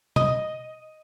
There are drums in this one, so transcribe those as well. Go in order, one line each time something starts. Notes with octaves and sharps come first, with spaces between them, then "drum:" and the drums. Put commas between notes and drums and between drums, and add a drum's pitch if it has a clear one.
D#5, drum: tom B2